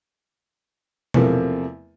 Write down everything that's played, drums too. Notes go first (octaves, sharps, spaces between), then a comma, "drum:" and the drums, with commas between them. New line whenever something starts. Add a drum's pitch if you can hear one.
E2 C3 F3 A3 A#3, drum: tom B2